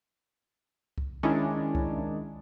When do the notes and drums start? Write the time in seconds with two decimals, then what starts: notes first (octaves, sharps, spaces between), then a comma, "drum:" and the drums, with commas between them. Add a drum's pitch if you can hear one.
0.98 drum: kick C2
1.23 D#3 G#3 C#4 D4 E4
1.75 drum: kick C2